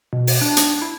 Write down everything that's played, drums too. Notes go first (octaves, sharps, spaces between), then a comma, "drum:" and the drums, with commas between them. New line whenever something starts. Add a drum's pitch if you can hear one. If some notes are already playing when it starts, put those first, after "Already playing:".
B2
drum: open hi-hat
D4
drum: hi-hat
E4